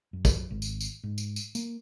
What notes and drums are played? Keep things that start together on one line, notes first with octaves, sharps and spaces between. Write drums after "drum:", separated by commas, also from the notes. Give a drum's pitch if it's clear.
F#2
drum: kick, tambourine
G#1
drum: tambourine
drum: tambourine
G#2
drum: tambourine
drum: tambourine
A#3, drum: tambourine